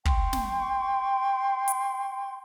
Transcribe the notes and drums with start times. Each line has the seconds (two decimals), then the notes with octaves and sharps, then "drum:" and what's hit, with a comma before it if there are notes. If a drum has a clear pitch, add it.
0.05 G5 C6 C#6, drum: kick
0.33 drum: snare
1.68 drum: hi-hat